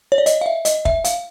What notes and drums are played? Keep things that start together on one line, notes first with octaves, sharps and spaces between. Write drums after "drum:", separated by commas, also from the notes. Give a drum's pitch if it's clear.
C#5
D5
D#5, drum: hi-hat
F5
E5
D#5, drum: hi-hat
E5, drum: kick
F5, drum: hi-hat